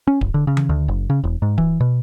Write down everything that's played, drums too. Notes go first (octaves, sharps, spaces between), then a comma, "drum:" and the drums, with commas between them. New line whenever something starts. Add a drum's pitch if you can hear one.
C#4
F#1, drum: kick D1
D3
C#3
drum: tom D#3
D2
F#1
C#3
E1
G#2
E3, drum: kick D1
B2